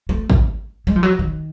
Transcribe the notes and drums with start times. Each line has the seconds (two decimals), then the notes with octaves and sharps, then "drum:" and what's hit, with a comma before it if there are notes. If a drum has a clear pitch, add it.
0.09 A3
0.30 drum: kick G#1
0.87 G#3
0.96 F3
1.03 F#3
1.19 D#3